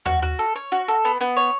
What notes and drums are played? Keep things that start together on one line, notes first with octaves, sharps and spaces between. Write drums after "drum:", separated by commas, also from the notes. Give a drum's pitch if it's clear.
F#4, drum: tom D#2
F#4
A4
C#5
F#4
A4
B3
B3
C#5